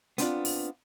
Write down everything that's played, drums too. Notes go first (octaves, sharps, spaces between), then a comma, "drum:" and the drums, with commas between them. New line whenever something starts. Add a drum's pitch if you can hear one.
B3 C4 D4 F4, drum: hi-hat
drum: open hi-hat